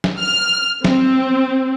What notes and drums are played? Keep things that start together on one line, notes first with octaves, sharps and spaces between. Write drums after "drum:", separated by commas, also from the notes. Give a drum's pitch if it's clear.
drum: snare
F6
C4, drum: snare